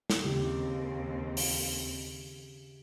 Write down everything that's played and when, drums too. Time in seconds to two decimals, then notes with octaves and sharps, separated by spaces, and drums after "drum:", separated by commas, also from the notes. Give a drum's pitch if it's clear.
0.10 drum: snare
0.24 D#2 C#3 C4 G4
1.37 drum: open hi-hat